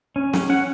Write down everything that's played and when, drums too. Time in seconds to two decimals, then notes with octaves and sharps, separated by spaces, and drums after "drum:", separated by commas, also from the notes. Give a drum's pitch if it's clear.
0.16 C#4
0.33 C#4, drum: snare
0.49 C#4 F#5